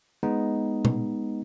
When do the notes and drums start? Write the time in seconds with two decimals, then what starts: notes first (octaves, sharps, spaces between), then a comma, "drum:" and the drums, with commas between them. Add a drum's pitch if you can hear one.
0.23 G#3 B3 D#4
0.85 drum: tom B2